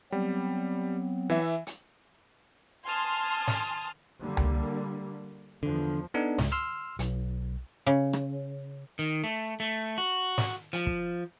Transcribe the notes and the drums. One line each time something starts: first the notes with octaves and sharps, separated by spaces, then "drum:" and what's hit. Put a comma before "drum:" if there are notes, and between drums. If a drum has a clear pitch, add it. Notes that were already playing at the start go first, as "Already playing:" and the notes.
F#3 G3 B3 C4
E3 E5
drum: hi-hat
G#5 A5 C6 D#6 F6
drum: snare
D3 G3 A#3
drum: tom C#2
E2 D3 F3
B3 D4 D#4 A4
C#2, drum: snare
C6 E6 F6
B1, drum: hi-hat
C#3
drum: rim click
D#3
A3
A3
F#4
drum: snare
F3, drum: hi-hat
drum: kick